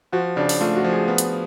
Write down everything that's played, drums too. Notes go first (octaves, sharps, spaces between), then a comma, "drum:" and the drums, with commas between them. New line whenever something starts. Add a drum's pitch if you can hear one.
F3 F#4
C#3 D4
drum: open hi-hat
A3 F4
F#4
F3
G#4
B3
drum: hi-hat